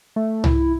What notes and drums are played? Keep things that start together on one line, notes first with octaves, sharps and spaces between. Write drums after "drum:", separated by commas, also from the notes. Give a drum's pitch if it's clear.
A3
E4, drum: tom C2